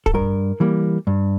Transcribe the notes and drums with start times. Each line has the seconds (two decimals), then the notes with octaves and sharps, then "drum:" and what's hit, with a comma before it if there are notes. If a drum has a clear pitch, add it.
0.06 A4, drum: kick
0.14 G2 A#4
0.60 E3 G3 A#3
1.07 G2